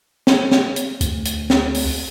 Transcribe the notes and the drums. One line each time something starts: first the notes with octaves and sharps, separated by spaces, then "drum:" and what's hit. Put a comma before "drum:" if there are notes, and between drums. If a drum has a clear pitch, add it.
drum: snare
drum: snare
drum: hi-hat
D2, drum: hi-hat
drum: hi-hat
drum: snare
drum: open hi-hat